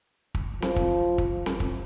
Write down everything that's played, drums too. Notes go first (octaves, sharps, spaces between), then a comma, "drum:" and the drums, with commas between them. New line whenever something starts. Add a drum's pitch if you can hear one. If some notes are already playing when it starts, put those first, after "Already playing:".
drum: kick
F3, drum: snare C4
drum: kick
drum: kick
drum: snare C4
drum: kick